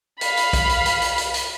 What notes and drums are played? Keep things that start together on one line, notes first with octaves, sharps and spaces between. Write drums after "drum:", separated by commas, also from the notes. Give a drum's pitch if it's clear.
F5 B5, drum: hi-hat
drum: hi-hat
drum: kick B1, hi-hat
drum: hi-hat
drum: hi-hat
drum: hi-hat
drum: hi-hat
drum: hi-hat